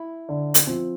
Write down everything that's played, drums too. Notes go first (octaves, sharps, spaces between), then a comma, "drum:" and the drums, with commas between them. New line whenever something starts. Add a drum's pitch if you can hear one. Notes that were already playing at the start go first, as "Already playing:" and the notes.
Already playing: E4
D3
drum: hi-hat
F3 C4